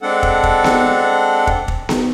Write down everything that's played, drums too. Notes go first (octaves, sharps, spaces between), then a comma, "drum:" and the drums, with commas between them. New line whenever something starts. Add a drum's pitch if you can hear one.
G#3 C4 D4 A4 F#5
drum: kick
drum: kick
drum: snare B3
drum: kick
drum: kick
drum: snare B3